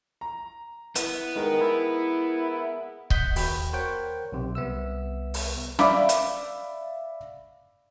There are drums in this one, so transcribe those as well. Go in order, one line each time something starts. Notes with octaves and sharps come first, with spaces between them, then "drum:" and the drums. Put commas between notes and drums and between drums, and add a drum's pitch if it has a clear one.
A#5
B3 E4, drum: hi-hat
D#3 G#3 A#4
E4
D#5 F#5 G6 B6, drum: kick C#1
D#2 F#4 G5 B5, drum: open hi-hat
A#4 C5 C#5 F#5 G5
B1 C3
C2 B3 E5 E6
drum: open hi-hat
D5 E5 F5 B5 D6, drum: snare
drum: hi-hat